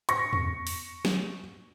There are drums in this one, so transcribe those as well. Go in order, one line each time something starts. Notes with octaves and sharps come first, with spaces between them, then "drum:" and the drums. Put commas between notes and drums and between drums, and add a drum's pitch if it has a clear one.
C#6 A#6, drum: hi-hat
drum: tom E2
drum: open hi-hat
drum: snare